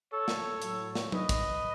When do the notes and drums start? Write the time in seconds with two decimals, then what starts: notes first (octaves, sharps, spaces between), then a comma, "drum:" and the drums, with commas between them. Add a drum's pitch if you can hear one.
0.11 A4 C#5
0.28 drum: snare
0.62 A2 F#3, drum: hi-hat
0.95 drum: snare
1.12 B4 D#5, drum: tom F#3
1.29 drum: kick, hi-hat